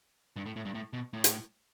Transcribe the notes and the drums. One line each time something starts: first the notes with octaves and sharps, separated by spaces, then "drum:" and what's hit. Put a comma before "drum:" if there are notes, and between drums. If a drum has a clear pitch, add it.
G2
A2
A2
G2
A2
B2
A2
drum: hi-hat